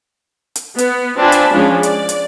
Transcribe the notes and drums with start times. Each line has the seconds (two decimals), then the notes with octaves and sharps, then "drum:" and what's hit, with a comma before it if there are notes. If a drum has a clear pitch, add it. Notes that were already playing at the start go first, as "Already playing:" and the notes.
0.56 drum: hi-hat
0.78 B3, drum: hi-hat
1.18 C4 D4 F4 G#5 A5 B5
1.32 drum: hi-hat
1.53 F3 G#3 C#4 D4
1.83 D5, drum: hi-hat
2.09 drum: hi-hat